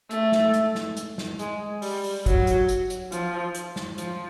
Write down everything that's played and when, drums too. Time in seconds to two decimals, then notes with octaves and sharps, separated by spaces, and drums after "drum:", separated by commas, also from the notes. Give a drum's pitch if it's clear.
0.11 A3, drum: hi-hat
0.32 drum: snare
0.54 drum: hi-hat
0.75 drum: snare
0.97 drum: hi-hat
1.18 drum: snare
1.39 G#3, drum: hi-hat
1.82 G3, drum: open hi-hat
2.04 drum: open hi-hat
2.26 F#3, drum: kick, hi-hat
2.47 drum: hi-hat
2.69 drum: hi-hat
2.90 drum: hi-hat
3.12 F3, drum: hi-hat
3.54 drum: hi-hat
3.76 drum: snare
3.98 F3, drum: hi-hat